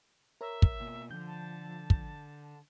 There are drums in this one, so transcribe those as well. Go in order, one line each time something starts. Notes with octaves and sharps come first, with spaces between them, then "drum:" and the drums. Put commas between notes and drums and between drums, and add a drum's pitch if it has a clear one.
A#4 C#5 E5 A#5
drum: kick
B2 A#3
D3 F3 G6
A5
drum: kick